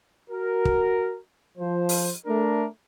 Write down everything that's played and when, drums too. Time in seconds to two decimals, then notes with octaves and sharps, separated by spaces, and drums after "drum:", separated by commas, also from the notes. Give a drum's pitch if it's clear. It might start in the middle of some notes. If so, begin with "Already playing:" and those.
0.30 F#4 A#4
0.65 drum: kick
1.58 F3 C5
1.89 drum: open hi-hat
2.27 A3 D4 A#4